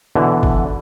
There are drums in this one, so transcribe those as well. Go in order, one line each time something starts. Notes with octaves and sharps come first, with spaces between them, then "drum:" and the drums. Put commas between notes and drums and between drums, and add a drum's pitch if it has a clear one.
B2 D3 E3
drum: kick G1